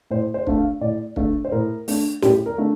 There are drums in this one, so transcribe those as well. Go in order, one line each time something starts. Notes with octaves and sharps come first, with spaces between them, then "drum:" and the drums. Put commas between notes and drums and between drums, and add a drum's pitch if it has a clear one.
A2 C5
C5
A3 D4, drum: kick
F5
A2 D5
A3 D4, drum: kick
C5
A2 A#4
A3 D4, drum: open hi-hat
A2 G4, drum: snare
A#4
A3 D4